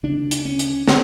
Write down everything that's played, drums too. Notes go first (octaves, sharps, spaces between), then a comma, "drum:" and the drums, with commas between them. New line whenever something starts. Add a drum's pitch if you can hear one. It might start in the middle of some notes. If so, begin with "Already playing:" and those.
D2 C#3 D4
drum: hi-hat
C#4
drum: hi-hat
D3 C#4, drum: snare